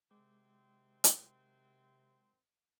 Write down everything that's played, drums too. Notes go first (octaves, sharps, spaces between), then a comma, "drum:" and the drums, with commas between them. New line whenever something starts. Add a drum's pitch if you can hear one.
C3 D#3 F#3 G#3 C4 D6
drum: hi-hat